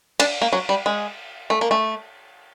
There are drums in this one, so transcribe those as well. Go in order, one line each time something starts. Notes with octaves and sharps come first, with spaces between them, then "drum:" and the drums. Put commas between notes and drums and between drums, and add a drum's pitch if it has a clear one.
D4, drum: cymbal
A#3
F#3
G3
G#3
A3
A#3
A3